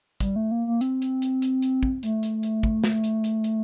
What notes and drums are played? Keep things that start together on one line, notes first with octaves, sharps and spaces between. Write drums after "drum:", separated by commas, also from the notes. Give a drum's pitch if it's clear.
G3, drum: kick, hi-hat
A3
A#3
A#3
C4, drum: hi-hat
drum: hi-hat
drum: hi-hat
drum: hi-hat
drum: hi-hat
drum: kick
A3, drum: hi-hat
drum: hi-hat
drum: hi-hat
drum: kick
drum: snare
drum: hi-hat
drum: hi-hat
drum: hi-hat